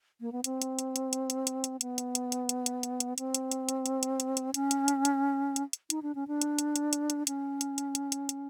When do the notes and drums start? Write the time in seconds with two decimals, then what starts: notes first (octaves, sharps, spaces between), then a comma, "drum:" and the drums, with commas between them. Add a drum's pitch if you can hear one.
0.21 A#3
0.32 B3
0.44 C4, drum: hi-hat
0.62 drum: hi-hat
0.79 drum: hi-hat
0.96 drum: hi-hat
1.13 drum: hi-hat
1.30 drum: hi-hat
1.47 drum: hi-hat
1.64 drum: hi-hat
1.81 B3, drum: hi-hat
1.98 drum: hi-hat
2.15 drum: hi-hat
2.32 drum: hi-hat
2.49 drum: hi-hat
2.66 drum: hi-hat
2.83 drum: hi-hat
3.00 drum: hi-hat
3.18 C4, drum: hi-hat
3.34 drum: hi-hat
3.52 drum: hi-hat
3.69 drum: hi-hat
3.86 drum: hi-hat
4.03 drum: hi-hat
4.20 drum: hi-hat
4.37 drum: hi-hat
4.54 C#4, drum: hi-hat
4.71 drum: hi-hat
4.88 drum: hi-hat
5.05 drum: hi-hat
5.56 drum: hi-hat
5.73 drum: hi-hat
5.90 D#4, drum: hi-hat
6.02 D4
6.15 C#4
6.28 D4
6.41 drum: hi-hat
6.59 drum: hi-hat
6.76 drum: hi-hat
6.93 drum: hi-hat
7.10 drum: hi-hat
7.27 C#4, drum: hi-hat
7.61 drum: hi-hat
7.78 drum: hi-hat
7.95 drum: hi-hat
8.12 drum: hi-hat
8.29 drum: hi-hat